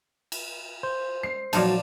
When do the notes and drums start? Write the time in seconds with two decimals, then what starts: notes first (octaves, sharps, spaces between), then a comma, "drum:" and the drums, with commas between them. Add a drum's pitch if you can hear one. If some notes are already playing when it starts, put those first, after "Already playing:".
0.32 drum: cymbal
0.83 C5
1.23 C7
1.53 A#2 F3 F#3 D#4 D5 A5, drum: cymbal